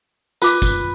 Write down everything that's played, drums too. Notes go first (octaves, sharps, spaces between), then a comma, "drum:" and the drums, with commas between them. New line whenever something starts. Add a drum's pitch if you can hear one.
F4 B4 D6, drum: tambourine
drum: kick, tambourine